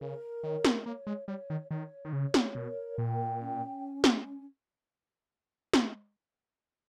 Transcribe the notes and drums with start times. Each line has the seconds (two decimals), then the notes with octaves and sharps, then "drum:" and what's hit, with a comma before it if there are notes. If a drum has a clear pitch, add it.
0.01 C#3 A#4
0.43 D#3 C#5
0.65 drum: snare
0.86 A#3 C#5
1.07 G#3
1.28 G3 C#5
1.50 D#3
1.70 D#3 C#5
2.05 D#3
2.13 C#3 C#5
2.34 drum: snare
2.55 B2 A#4
2.98 A#2 G5
3.40 C#4
4.04 drum: snare
5.73 drum: snare